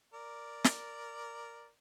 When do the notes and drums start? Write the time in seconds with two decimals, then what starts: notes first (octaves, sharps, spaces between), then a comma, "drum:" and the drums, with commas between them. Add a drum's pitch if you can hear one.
0.14 A#4 D5
0.64 drum: snare